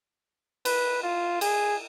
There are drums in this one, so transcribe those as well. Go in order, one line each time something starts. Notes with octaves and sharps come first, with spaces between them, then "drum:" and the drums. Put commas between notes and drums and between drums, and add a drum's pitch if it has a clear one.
B4, drum: cymbal
F4
G#4, drum: cymbal